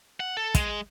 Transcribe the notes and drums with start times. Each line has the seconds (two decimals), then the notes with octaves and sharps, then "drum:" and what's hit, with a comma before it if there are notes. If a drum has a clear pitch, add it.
0.20 F#5
0.37 A4
0.55 G#3, drum: kick, hi-hat